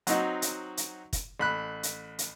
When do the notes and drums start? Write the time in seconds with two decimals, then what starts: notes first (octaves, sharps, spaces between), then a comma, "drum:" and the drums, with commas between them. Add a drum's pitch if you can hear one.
0.07 F#3 C4 D#4 F#4, drum: hi-hat
0.42 drum: hi-hat
0.77 drum: hi-hat
1.13 drum: kick, hi-hat
1.40 A1 B5 F#6
1.83 drum: hi-hat
2.19 drum: hi-hat